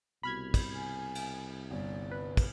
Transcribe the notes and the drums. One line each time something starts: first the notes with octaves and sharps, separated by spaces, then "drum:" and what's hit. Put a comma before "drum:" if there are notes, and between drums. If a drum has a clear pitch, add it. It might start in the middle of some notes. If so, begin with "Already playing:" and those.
C2 B2 B5 F6 G#6
drum: kick, cymbal
G#5
drum: cymbal
G1 D5
B4
drum: kick, cymbal